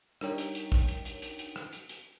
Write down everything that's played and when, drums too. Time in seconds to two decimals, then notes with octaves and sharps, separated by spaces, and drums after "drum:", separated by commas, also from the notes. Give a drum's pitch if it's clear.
0.21 G3 D4 D#4 A#4 C#5 G5, drum: rim click
0.38 drum: hi-hat
0.55 drum: hi-hat
0.72 drum: kick, open hi-hat
0.89 drum: hi-hat
1.05 drum: hi-hat
1.22 drum: hi-hat
1.39 drum: hi-hat
1.56 drum: rim click
1.73 drum: hi-hat
1.89 drum: hi-hat